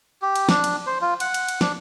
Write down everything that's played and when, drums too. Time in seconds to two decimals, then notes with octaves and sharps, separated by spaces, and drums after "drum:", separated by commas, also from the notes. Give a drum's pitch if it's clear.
0.22 G4
0.36 drum: cymbal
0.49 D4, drum: snare
0.64 drum: cymbal
0.87 C5
1.02 F4
1.20 F#5, drum: cymbal
1.34 drum: cymbal
1.48 drum: cymbal
1.61 D4, drum: snare